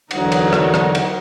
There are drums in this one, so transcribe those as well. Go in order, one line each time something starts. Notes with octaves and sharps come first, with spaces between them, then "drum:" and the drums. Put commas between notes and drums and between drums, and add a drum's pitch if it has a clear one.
E2 D3 F#3 D#4 A#4, drum: cymbal
drum: cymbal
drum: rim click
drum: rim click
drum: cymbal